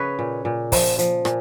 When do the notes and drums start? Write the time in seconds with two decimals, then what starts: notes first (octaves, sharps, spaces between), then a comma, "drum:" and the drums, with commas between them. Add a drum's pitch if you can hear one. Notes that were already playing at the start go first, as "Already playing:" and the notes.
Already playing: C#3 B4 C#5 D#5
0.19 A#2
0.45 A#2
0.72 F3, drum: kick, open hi-hat
0.99 F3, drum: hi-hat
1.25 A#2, drum: rim click